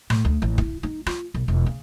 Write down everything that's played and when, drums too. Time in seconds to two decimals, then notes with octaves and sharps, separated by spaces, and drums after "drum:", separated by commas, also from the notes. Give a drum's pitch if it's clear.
0.10 A2, drum: rim click
0.25 D2
0.42 A1
0.58 E4, drum: kick
0.83 D#4
1.06 F4, drum: rim click
1.34 B1
1.48 E1
1.66 C#3